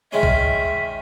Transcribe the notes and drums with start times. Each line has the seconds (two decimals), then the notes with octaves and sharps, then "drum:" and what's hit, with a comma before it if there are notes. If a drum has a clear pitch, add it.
0.12 D#3 G#3 C#4 E5
0.23 drum: kick